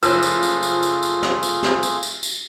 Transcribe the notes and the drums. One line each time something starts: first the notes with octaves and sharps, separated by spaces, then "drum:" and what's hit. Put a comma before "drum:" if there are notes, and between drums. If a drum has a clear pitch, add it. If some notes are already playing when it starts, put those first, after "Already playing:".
F#1 F3 A3 F4 G#4 E6, drum: tambourine
drum: tambourine
drum: tambourine
drum: tambourine
drum: tambourine
drum: tambourine
drum: snare
drum: tambourine
drum: snare
drum: tambourine
drum: tambourine
drum: tambourine